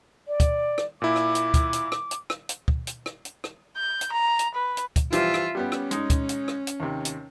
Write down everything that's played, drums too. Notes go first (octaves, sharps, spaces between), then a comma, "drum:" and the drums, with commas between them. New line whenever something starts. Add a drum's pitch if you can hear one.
D5
drum: kick, hi-hat
drum: rim click
A#2 E4 D6
drum: rim click
drum: hi-hat
drum: kick, hi-hat
drum: hi-hat
drum: rim click
drum: hi-hat
drum: rim click
drum: hi-hat
drum: kick
drum: hi-hat
drum: rim click
drum: hi-hat
drum: rim click
G6
drum: hi-hat
A#5
drum: hi-hat
B4
drum: hi-hat
drum: kick, hi-hat
E3 F3 G3 F4 E5, drum: hi-hat
drum: rim click
G3 B3 C#4 G4
drum: rim click
G#3 D#4, drum: hi-hat
drum: kick, hi-hat
drum: hi-hat
drum: rim click
drum: hi-hat
D#2 C3
drum: hi-hat